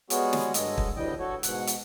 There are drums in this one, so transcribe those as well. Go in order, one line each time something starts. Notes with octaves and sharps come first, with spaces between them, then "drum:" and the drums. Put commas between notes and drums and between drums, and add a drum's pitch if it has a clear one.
G3 G#3 B3 C#4 F#4 G#4, drum: hi-hat
drum: snare
G2 F#3 G#3 A4 D#5, drum: hi-hat
drum: kick
D2 A2 E3 G3 D#5 G5
F#4 A4 C#5
G#2 B2 F#5, drum: hi-hat
drum: hi-hat